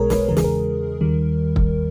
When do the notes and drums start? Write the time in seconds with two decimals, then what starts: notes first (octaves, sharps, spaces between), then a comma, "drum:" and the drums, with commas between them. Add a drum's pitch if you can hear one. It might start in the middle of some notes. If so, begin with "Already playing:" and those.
Already playing: B1 B2 G#3 G#4 A#4 C#5
0.10 B4, drum: snare
0.28 E2 C#3 E3 G#3 A#4
0.37 G#4, drum: snare
0.44 A#4
1.01 D#2 D#3 G3
1.56 drum: kick